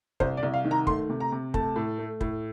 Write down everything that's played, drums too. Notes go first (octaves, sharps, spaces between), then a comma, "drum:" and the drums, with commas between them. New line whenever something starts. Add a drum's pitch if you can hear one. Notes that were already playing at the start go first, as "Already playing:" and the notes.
C2 C5, drum: kick
D5
C2
F5
D#3
A#5
A3 C6, drum: kick
C3
A#5
C3
A3 A5, drum: kick
A2
A3
A2, drum: kick